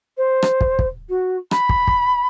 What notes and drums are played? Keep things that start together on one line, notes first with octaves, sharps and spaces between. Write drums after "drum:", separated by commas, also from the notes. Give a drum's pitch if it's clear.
C5
drum: rim click
drum: kick
drum: kick
F#4
B5, drum: rim click
drum: kick
drum: kick